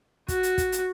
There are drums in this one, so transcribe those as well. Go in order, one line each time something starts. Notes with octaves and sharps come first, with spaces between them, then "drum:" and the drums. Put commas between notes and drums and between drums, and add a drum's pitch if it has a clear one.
F#4, drum: kick, hi-hat
drum: hi-hat
drum: kick, hi-hat
drum: hi-hat